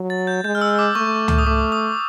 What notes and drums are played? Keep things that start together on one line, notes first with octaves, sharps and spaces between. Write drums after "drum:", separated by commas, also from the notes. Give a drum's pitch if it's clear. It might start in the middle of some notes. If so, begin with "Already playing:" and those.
Already playing: F#3
A6
G6
G#3 G6
F6
E6
D6
A3 C#6
drum: tom C#2
D#6
A3 D6
D#6